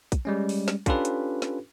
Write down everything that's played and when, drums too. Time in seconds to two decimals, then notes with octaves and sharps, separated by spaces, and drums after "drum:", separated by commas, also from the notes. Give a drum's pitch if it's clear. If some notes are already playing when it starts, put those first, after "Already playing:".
0.12 drum: kick, hi-hat
0.25 G3 G#3 C#4
0.49 drum: open hi-hat
0.68 drum: snare
0.86 C#4 D4 F4 G4 A4 B4, drum: kick, hi-hat
1.05 drum: hi-hat
1.42 drum: snare